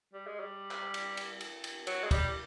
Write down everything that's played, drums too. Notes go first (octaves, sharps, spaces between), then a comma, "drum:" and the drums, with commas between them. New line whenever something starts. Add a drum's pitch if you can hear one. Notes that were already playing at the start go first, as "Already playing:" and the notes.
G3
G#3
G3
drum: clap
drum: cymbal
drum: cymbal
drum: cymbal
drum: cymbal
F#3, drum: cymbal
G#3
G3, drum: kick, cymbal